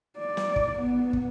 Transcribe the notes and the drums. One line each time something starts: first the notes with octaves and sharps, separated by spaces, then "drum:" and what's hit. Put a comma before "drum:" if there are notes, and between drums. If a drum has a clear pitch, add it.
D5
drum: snare
drum: kick
B3
drum: kick